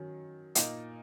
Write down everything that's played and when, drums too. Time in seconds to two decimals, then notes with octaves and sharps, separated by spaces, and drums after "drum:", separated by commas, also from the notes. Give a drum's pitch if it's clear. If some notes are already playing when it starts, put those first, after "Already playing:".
Already playing: D#3 F#3 C#4
0.55 A#2 A#3 D#4, drum: hi-hat